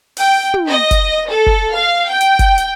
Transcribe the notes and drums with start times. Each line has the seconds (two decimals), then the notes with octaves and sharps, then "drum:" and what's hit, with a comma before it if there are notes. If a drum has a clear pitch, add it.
0.17 G5, drum: open hi-hat
0.54 drum: tom
0.67 D#5
0.91 drum: kick, hi-hat
1.28 A4
1.46 drum: kick
1.73 F5
2.08 G5
2.21 drum: hi-hat
2.39 drum: kick, hi-hat
2.58 drum: hi-hat